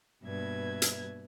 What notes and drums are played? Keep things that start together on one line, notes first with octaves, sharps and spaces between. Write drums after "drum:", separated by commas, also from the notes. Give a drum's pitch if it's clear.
G2 B2 A#3 B4 E5 G#6
drum: hi-hat